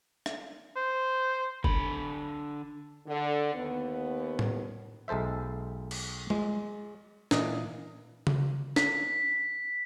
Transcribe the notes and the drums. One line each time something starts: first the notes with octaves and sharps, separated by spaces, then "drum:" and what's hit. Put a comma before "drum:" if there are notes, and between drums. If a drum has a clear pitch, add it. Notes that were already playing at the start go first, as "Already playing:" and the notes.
drum: rim click
C5
D3 B5, drum: kick F#1
D3
D#2 B3
drum: tom A2
B1 G#3 A4 C5 E5
drum: cymbal
G#3, drum: tom G#3
A#2 E3 D#5, drum: snare
drum: tom C#3
B6, drum: snare